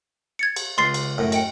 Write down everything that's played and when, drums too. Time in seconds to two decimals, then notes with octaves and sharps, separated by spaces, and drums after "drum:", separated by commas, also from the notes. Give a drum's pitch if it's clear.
0.39 G#6 A6 C#7
0.56 drum: cymbal
0.78 C#2 C6 A6 C7
0.94 drum: cymbal
1.18 F#2 A2
1.32 D#5 G5 C#7, drum: cymbal